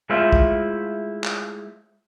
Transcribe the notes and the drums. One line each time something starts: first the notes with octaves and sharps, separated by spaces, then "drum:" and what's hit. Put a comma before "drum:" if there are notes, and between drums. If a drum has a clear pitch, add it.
G#3 A3 E4 F4 C5 E5
drum: kick
drum: clap